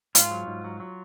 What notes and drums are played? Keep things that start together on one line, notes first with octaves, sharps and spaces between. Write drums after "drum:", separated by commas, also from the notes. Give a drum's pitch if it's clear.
G#2 F4, drum: hi-hat
F#3
G#2
F#3
F#3